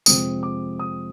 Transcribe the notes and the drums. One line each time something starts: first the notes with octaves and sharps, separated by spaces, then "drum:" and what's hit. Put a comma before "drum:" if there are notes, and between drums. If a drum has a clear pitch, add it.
F2 C3 F3 G#3 C4 D#6, drum: tambourine
D6
D#6